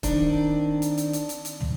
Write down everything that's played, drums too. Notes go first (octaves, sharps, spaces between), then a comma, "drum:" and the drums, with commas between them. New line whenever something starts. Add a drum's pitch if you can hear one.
D#3 C4 D4, drum: kick, hi-hat
drum: hi-hat
drum: hi-hat
drum: hi-hat
drum: hi-hat
drum: hi-hat
drum: tom